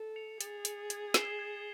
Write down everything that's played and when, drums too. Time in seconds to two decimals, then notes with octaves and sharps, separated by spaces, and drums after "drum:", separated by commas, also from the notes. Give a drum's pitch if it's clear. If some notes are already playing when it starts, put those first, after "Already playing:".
Already playing: A4
0.16 C#7 F7
0.41 G#4 A6, drum: hi-hat
0.65 C#7 F7, drum: hi-hat
0.90 G#6, drum: hi-hat
1.14 C7 E7 G7, drum: snare
1.39 G#6